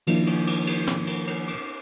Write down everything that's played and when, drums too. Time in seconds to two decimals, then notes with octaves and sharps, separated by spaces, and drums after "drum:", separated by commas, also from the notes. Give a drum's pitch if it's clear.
0.07 D#3 F3 A#3 D4 E4, drum: cymbal
0.27 drum: cymbal
0.47 drum: cymbal
0.67 drum: cymbal
0.87 drum: snare
1.07 drum: cymbal
1.27 drum: cymbal
1.47 drum: cymbal